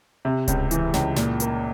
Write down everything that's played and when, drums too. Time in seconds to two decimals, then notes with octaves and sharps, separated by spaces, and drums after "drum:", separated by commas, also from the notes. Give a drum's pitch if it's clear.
0.25 C3
0.48 C#2, drum: kick D1, hi-hat
0.71 E3, drum: hi-hat
0.94 C#2, drum: snare
1.16 A#2, drum: snare
1.40 A#3, drum: hi-hat